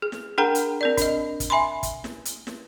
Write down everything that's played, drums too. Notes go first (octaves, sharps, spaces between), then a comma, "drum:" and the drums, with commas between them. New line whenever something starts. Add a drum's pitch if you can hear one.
G#4
drum: snare
D4 G#4 A#4 F#5 G5 A#5
drum: hi-hat
C4 A#4 D5
D4 D#5, drum: kick, hi-hat
drum: kick, hi-hat
E5 G#5 B5 C6
drum: kick, hi-hat
drum: snare
drum: hi-hat
drum: snare